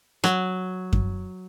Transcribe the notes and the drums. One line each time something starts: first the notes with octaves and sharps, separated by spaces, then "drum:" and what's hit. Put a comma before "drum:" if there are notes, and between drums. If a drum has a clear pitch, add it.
F#3, drum: rim click
drum: kick F#2